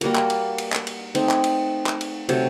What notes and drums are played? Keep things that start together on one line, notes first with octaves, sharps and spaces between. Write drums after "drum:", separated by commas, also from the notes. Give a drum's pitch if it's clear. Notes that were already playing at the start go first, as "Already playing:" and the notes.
G3 A#3 F#4 A#4, drum: cymbal
drum: clap
drum: cymbal
drum: cymbal
drum: clap
drum: cymbal
A3 C4 D#4, drum: cymbal
drum: clap
drum: cymbal
drum: clap
drum: cymbal
C3 F#3 A3, drum: cymbal